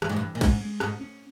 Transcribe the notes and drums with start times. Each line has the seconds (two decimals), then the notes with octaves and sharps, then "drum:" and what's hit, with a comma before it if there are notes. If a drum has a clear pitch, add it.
0.02 G2 E3, drum: rim click
0.09 G#2
0.16 G2
0.22 E3
0.35 A#2
0.41 G#2 C#4, drum: kick, cymbal
0.61 G#3
0.80 G#2 C#4, drum: rim click
1.01 C#4